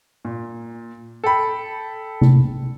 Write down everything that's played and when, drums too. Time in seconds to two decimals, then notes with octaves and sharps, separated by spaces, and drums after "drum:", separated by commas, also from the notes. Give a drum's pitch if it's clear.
0.25 A#2
1.24 A4 G5 B5
2.21 drum: tom C3